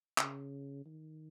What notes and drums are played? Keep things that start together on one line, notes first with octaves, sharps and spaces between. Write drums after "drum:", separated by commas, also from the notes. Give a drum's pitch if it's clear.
C#3, drum: clap
D#3